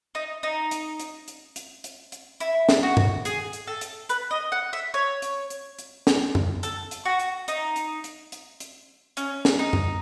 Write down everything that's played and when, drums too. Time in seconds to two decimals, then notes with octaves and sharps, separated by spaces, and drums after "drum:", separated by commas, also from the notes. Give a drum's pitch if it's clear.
0.15 D#4
0.43 D#4
0.71 drum: hi-hat
1.00 drum: hi-hat
1.28 drum: hi-hat
1.56 drum: hi-hat
1.84 drum: hi-hat
2.12 drum: hi-hat
2.40 E4, drum: hi-hat
2.69 drum: snare
2.83 F#4
2.97 drum: tom G2
3.25 G#4, drum: hi-hat
3.53 drum: hi-hat
3.67 A4
3.81 drum: hi-hat
4.09 B4, drum: hi-hat
4.31 D#5
4.52 F#5
4.73 E5
4.94 C#5
5.22 drum: hi-hat
5.50 drum: hi-hat
5.79 drum: hi-hat
6.07 drum: snare
6.35 drum: tom F#2
6.63 A4, drum: hi-hat
6.91 drum: hi-hat
7.05 F#4
7.20 drum: hi-hat
7.48 D#4, drum: hi-hat
7.76 drum: hi-hat
8.04 drum: hi-hat
8.32 drum: hi-hat
8.60 drum: hi-hat
9.17 C#4, drum: hi-hat
9.45 drum: snare
9.59 D#4
9.73 drum: tom F#2